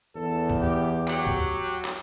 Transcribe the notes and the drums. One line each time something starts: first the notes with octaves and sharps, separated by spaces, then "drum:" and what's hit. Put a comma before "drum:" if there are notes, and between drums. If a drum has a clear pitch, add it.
E2 A4
drum: kick
G4
F#3 G4, drum: clap
drum: kick
drum: clap